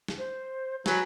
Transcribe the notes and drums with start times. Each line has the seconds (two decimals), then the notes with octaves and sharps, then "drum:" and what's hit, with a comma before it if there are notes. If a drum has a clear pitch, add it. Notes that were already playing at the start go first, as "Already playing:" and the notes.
0.08 drum: snare
0.18 C5
0.86 F#3 B4 G#5, drum: snare